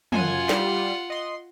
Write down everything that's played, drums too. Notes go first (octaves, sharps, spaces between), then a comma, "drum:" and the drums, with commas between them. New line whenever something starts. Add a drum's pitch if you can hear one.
F#2 F4 F#5 G#5, drum: tom
G3, drum: snare
D#5 C6